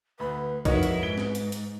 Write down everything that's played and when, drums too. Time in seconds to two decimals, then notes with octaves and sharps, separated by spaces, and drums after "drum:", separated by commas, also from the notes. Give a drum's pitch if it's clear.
0.20 D2 B4 B5
0.65 F2 D#4 E4 F#4 A#4 B4 C#5 D#5, drum: kick, hi-hat
0.83 drum: hi-hat
1.03 G#2 G#6 D7 G7
1.18 drum: snare
1.35 drum: hi-hat
1.52 drum: hi-hat